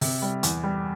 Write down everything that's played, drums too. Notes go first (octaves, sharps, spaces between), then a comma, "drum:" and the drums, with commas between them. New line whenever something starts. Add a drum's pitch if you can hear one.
C3, drum: open hi-hat
G3
E2, drum: hi-hat
G3